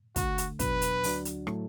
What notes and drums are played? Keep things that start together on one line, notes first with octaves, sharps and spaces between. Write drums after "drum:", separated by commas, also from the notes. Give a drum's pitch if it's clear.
D2 D3 A3 F#4, drum: kick, hi-hat
drum: hi-hat
E2 B2 F#3 B3 D4 B4, drum: kick, hi-hat
drum: hi-hat
D2 D3 F#3 D4 F#4, drum: open hi-hat
drum: hi-hat
A2 F#3 A3 E4 A4, drum: rim click